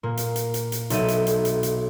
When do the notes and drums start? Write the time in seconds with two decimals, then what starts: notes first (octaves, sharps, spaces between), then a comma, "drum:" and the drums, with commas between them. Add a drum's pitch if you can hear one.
0.03 A#2 A#3
0.17 drum: hi-hat
0.36 drum: hi-hat
0.54 drum: hi-hat
0.72 drum: hi-hat
0.90 B1 D#4 A4 E5 G6 D#7, drum: hi-hat
1.08 drum: hi-hat
1.27 drum: hi-hat
1.45 drum: hi-hat
1.63 drum: hi-hat